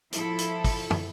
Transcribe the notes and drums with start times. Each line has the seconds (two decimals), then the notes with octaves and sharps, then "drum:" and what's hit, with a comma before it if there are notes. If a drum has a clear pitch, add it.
0.13 F3 E4 A4, drum: hi-hat
0.39 drum: hi-hat
0.64 drum: kick, open hi-hat
0.90 drum: tom